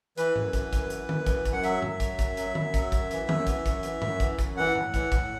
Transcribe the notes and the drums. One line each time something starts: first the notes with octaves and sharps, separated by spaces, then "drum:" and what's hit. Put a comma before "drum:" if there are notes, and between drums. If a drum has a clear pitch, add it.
E3 B4, drum: hi-hat
F#2, drum: tom G#2
E3, drum: kick, hi-hat
F#2, drum: kick, hi-hat
E3, drum: hi-hat
F#2, drum: tom
E3, drum: kick, hi-hat
F#2, drum: kick, hi-hat
F#5
F#3 E5, drum: hi-hat
F#2, drum: tom G2
F#3, drum: kick, hi-hat
F#2, drum: kick, hi-hat
F#3, drum: hi-hat
F#2, drum: tom
F#3, drum: kick, hi-hat
F#2, drum: kick, hi-hat
E3, drum: hi-hat
F#2, drum: tom
E3, drum: kick, hi-hat
F#2, drum: kick, hi-hat
E3, drum: hi-hat
F#2, drum: tom G2
E3, drum: kick, hi-hat
F#2, drum: kick, hi-hat
E3 F#5
A2, drum: tom G2
E3, drum: kick, hi-hat
A2, drum: kick, hi-hat